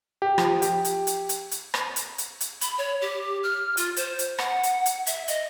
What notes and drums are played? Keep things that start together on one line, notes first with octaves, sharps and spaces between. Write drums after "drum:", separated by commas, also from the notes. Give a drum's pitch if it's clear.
G4
F3, drum: rim click
G4, drum: hi-hat
drum: hi-hat
drum: hi-hat
drum: hi-hat
drum: hi-hat
drum: rim click
drum: hi-hat
drum: hi-hat
drum: hi-hat
B5, drum: hi-hat
C#5
G4
F6
F4, drum: hi-hat
C5, drum: hi-hat
drum: hi-hat
F#5, drum: rim click
drum: hi-hat
drum: hi-hat
E5, drum: hi-hat
D#5, drum: hi-hat